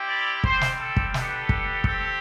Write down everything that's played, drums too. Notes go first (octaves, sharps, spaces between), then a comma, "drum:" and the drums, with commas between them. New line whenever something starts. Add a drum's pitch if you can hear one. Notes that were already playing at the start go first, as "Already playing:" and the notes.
Already playing: G3 C4 E4 G4
D5
G3 C4 G4 C5, drum: kick
drum: snare
A4
drum: kick
B3 D4 G4 A4, drum: snare
drum: kick
C4 G4, drum: kick